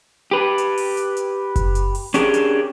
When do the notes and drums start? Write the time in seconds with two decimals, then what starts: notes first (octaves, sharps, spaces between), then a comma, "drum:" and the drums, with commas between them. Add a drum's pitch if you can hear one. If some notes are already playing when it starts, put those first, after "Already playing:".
0.31 G4 B4
0.58 drum: hi-hat
0.78 drum: open hi-hat
0.97 drum: hi-hat
1.17 drum: hi-hat
1.56 drum: kick F#1, hi-hat
1.75 drum: hi-hat
1.95 drum: open hi-hat
2.14 C#4 D4 G4 G#4 A#4, drum: hi-hat
2.34 drum: hi-hat